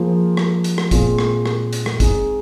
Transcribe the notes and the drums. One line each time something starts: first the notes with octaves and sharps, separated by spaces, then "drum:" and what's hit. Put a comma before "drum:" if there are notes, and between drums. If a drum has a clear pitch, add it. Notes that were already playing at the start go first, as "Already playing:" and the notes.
Already playing: F3 A#3 F4 G#4
drum: rim click
drum: hi-hat
drum: rim click
A#2 G#3 C4 F4 G#4, drum: kick, hi-hat
drum: rim click
drum: rim click
drum: hi-hat
drum: rim click
G#3 C4 D#4 G#4, drum: kick, hi-hat